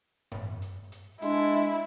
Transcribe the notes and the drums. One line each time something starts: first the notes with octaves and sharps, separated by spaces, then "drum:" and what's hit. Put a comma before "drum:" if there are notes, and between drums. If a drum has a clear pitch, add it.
drum: tom G2
drum: hi-hat
drum: hi-hat
G#3 D4 E4, drum: hi-hat